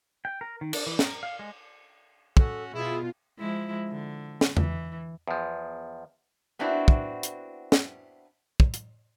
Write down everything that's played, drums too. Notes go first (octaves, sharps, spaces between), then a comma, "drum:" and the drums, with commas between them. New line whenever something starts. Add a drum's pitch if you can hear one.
G5
A#4
D#3
D4, drum: cymbal
E3
A#4, drum: snare
F5
G#3
C#4 F#4 A4, drum: kick
B2 E4 F4 G#4
F3 G#3 E4
D3
drum: snare
E3, drum: tom E2
E2 F3
B3 C4 D4 E4 F#4
drum: kick
drum: hi-hat
drum: snare
drum: kick
drum: hi-hat